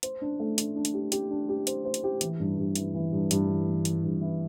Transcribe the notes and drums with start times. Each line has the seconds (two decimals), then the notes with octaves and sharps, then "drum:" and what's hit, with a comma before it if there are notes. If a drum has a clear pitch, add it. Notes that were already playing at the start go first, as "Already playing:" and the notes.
0.03 C5, drum: hi-hat
0.22 D4
0.40 A3
0.58 D4, drum: hi-hat
0.76 D4
0.85 drum: hi-hat
0.94 G4
1.12 G4, drum: hi-hat
1.31 D4
1.49 G4
1.67 C5, drum: hi-hat
1.85 C5
1.94 drum: hi-hat
2.04 G4
2.21 E3, drum: hi-hat
2.40 G2
2.58 G2
2.76 E3, drum: hi-hat
2.94 E3
3.12 G2
3.31 G2, drum: hi-hat
3.49 E3
3.66 E3
3.85 E3, drum: hi-hat
4.03 G2
4.21 E3